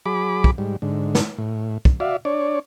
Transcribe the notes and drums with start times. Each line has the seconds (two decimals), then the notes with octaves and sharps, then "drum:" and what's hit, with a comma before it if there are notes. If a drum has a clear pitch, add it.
0.06 F#3 G#4 B5 D6
0.44 drum: kick
0.58 G#2 G3
0.82 G#2 D3
1.15 drum: snare
1.38 A2
1.85 drum: kick
2.00 F#4 D5 E5 F5
2.25 D4 C#5 D5